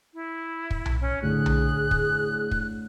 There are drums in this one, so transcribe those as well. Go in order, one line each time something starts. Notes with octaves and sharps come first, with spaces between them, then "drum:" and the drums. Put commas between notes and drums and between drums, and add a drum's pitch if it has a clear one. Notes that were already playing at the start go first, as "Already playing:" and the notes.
E4
drum: kick
drum: tom B1
C#4
A2 D3 G#4 F#6
drum: tom B1
drum: kick
drum: kick